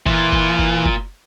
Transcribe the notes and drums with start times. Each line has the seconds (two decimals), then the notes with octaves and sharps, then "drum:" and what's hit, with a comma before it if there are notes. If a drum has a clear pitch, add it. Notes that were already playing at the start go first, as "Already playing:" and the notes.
0.06 A#2 E3 F4, drum: kick F#1
0.33 drum: kick F#1
0.59 drum: kick F#1
0.86 drum: kick F#1